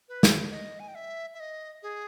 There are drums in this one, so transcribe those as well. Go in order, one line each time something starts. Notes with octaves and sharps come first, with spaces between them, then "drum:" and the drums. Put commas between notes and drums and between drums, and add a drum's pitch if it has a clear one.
B4
drum: snare
D#5
G#5
G5
E5
E5
D#5
G#4